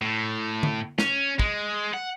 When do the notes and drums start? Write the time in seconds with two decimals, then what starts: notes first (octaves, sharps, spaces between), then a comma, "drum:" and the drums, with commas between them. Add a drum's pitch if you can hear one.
0.02 A2
0.63 drum: tom
0.99 C#4, drum: snare
1.39 G#3, drum: kick
1.94 F#5